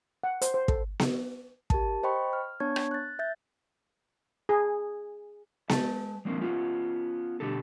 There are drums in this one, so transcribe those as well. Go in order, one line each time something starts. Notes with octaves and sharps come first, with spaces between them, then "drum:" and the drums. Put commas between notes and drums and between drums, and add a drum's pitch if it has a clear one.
F#5
C5, drum: hi-hat
C5
A4, drum: kick
drum: snare B3
G4 A#4 A5, drum: kick
C5 D#5 G5 B5 C#6
F6
B3 D4 C#5 A5 C#6 G#6
drum: rim click
F#6 A6
E5 G6 A6
G#4
G#3 A5, drum: snare B3
F3 G#3 A#3 C4
B3 C#4 F4
B2 D3 G4 A4